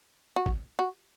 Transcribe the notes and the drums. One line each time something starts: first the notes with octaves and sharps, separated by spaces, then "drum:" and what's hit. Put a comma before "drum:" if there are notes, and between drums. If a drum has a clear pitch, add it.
F#4
drum: kick
F#4